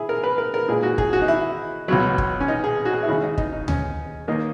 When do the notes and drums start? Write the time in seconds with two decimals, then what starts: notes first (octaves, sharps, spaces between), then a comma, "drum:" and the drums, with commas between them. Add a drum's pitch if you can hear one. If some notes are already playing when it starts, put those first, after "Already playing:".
Already playing: E4 G#4
0.09 A#4
0.23 B4
0.38 A#4
0.54 A#4
0.68 A#2 G#3 G#4
0.83 F#4
0.98 G#4, drum: kick
1.13 F#4
1.22 D#4
1.28 E4
1.88 C#2 B2 F#3
2.18 drum: kick
2.40 C#4
2.48 D#4
2.64 G#4
2.85 F#4
2.93 G#4
3.03 E4
3.08 D#2 C#3 G#3 F#4
3.22 D#4
3.38 D#4, drum: kick
3.52 D#4
3.68 C#4, drum: tom D2
4.28 D#2 D#3 A#3 D#4